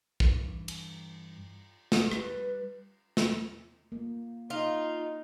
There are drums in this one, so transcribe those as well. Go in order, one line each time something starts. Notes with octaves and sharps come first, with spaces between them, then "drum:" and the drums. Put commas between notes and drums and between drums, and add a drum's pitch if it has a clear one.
G2 E3, drum: kick A#1
drum: cymbal
drum: snare
G3 B4, drum: rim click
drum: snare
A#3
D#4 F4